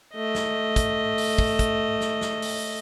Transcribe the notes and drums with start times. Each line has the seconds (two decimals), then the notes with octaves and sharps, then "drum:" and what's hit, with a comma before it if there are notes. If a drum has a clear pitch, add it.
0.14 A3 D#5
0.35 drum: snare
0.76 drum: kick, hi-hat
1.18 drum: open hi-hat
1.38 drum: kick
1.59 drum: kick, hi-hat
2.01 drum: snare
2.21 drum: snare
2.42 drum: open hi-hat